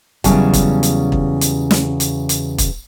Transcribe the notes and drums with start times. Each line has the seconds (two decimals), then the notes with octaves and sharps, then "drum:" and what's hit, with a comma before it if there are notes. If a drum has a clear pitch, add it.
0.24 E2 C#3 F#3 G3 G#5 A5, drum: kick, hi-hat
0.53 drum: kick, hi-hat
0.83 drum: hi-hat
1.12 drum: kick
1.41 drum: hi-hat
1.71 drum: snare
2.00 drum: hi-hat
2.29 drum: hi-hat
2.58 drum: kick, hi-hat